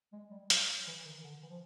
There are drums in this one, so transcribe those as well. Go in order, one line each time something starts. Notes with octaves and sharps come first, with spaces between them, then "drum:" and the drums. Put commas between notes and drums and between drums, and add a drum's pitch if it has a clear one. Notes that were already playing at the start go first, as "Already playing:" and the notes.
G#3
G3
F#3, drum: hi-hat
E3
D#3
D3
E3
F3